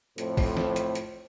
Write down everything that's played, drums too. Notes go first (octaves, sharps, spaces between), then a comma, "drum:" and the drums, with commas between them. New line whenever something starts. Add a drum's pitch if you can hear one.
F2 A2 C5, drum: hi-hat
drum: kick, open hi-hat
drum: snare
drum: hi-hat
drum: hi-hat